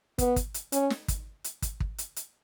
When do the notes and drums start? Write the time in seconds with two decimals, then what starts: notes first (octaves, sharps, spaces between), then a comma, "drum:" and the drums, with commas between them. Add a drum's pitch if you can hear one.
0.18 B3, drum: kick, hi-hat
0.36 drum: kick, hi-hat
0.54 drum: hi-hat
0.72 C#4, drum: hi-hat
0.90 drum: snare
1.08 drum: kick, hi-hat
1.44 drum: hi-hat
1.62 drum: kick, hi-hat
1.80 drum: kick
1.98 drum: hi-hat
2.16 drum: hi-hat